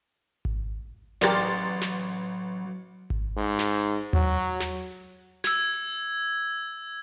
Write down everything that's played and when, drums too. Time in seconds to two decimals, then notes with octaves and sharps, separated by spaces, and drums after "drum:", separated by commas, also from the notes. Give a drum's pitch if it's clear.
0.45 drum: kick G#1
1.21 A1 F#3 G4 A#4 D5 C6 A6, drum: snare
1.81 drum: snare
3.10 drum: kick G#1
3.37 G#2
3.59 drum: snare
4.13 F#3, drum: tom D#2
4.41 drum: open hi-hat
4.60 drum: snare
5.44 E6 G#6, drum: snare
5.73 drum: hi-hat